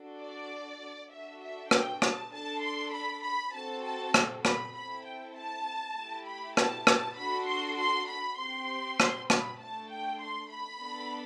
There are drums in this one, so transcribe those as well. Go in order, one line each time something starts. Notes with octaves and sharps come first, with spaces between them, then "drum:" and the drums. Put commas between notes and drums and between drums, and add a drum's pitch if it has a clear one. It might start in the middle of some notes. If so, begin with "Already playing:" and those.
Already playing: D4 F#4 A4
D5
D4 F#4 A4 E5
E5
G5, drum: rim click
A5, drum: rim click
D4 A4 A5
C6
B5
B5
C4 F#4 A4 A5
A5
drum: rim click
B5, drum: rim click
C4 E4 A4 B5
G5
A5
A3 E4 G4
B5
A5, drum: rim click
A5, drum: rim click
D4 F#4 A4 B5
C6
C6
B5
C4 G4 C6
drum: rim click
B5, drum: rim click
A3 D4 A4 A5
G5
C6
B5
B3 D4 A4